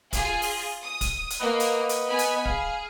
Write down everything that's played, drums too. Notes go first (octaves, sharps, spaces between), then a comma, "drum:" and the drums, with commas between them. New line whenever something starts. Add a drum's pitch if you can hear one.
F4 G#4, drum: kick, hi-hat
drum: open hi-hat
D#6
drum: kick, hi-hat
drum: hi-hat
A#3 B4 D#5 F#5
drum: hi-hat
drum: hi-hat
B3 G#5 B5
drum: hi-hat
G#4 F5, drum: kick